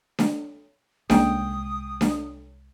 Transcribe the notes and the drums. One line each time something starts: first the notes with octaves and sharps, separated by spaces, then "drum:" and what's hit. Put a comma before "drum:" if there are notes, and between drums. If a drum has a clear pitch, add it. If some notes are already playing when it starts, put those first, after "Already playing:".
drum: snare D4
C2 G#3 A#3 C#4 G#4 G5 D#6, drum: snare D4
drum: snare D4